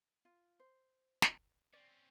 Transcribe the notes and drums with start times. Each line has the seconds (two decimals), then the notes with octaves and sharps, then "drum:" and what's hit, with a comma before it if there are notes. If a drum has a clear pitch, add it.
0.25 F4
0.60 C5
1.22 drum: snare
1.73 C4 C#4 D5